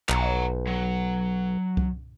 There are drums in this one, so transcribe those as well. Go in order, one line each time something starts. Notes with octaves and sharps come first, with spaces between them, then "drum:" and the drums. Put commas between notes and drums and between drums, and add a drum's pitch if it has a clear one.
B1 F#5 A#5, drum: clap
F#3
drum: kick C2